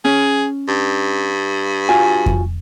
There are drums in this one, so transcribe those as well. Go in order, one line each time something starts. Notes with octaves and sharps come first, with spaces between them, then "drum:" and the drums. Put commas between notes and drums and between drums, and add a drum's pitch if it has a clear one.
C#4 G#4
G2
F4 F#4 G#5
drum: kick F2